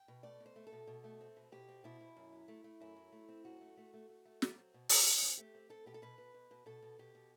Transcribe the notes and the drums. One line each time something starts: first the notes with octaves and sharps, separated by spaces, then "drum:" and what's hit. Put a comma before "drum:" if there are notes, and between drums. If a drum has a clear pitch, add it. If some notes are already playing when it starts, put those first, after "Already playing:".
Already playing: G5
B2
A3 D5
B2
C5
A3
A4
B2
B2
A3
C4
B2
B2 G4
C4
B2 E4
B2
F#2
F#3
A3
A3
F#2 E4
F#3
A3
C4
F#2 F#4
A3
A3
A3
A3
A3
F#3, drum: snare
C4
B2
A3, drum: open hi-hat
B2
C4
A3 G4
C4
C4 A4
B2 G4
A4
B2 B4
B2
B2
B2
B2 A4
B2
B2 G4
B2